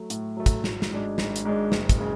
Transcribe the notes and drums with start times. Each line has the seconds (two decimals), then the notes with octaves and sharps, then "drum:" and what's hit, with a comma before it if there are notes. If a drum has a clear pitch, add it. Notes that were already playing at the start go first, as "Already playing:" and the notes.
Already playing: F#3 A3
0.10 A2, drum: hi-hat
0.37 F#3 A3
0.46 drum: kick, hi-hat
0.64 G#1, drum: snare
0.82 drum: snare
0.91 G#2 G#3 D4
1.18 G#1, drum: snare
1.36 drum: hi-hat
1.45 G#2 G#3 D4
1.72 F#1, drum: snare
1.89 drum: kick, hi-hat
1.98 C#3 G#3